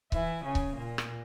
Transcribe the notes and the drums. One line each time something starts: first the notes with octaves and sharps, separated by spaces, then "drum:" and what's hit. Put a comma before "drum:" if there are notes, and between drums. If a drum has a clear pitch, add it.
E3 E4, drum: kick C#1
C#3 C#4
drum: kick C#1
A#2 A#3
drum: rim click